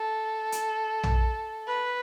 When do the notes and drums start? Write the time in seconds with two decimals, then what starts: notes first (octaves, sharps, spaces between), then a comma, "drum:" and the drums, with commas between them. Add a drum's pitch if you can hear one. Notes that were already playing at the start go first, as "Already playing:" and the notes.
Already playing: A4
0.52 drum: hi-hat
1.03 drum: tom A#1
1.67 B4